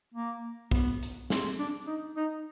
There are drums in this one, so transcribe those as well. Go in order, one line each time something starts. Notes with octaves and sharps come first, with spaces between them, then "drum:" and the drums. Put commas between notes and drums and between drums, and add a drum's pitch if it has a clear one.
A#3
B3, drum: kick
drum: hi-hat
C4, drum: snare
D4
D#4
D#4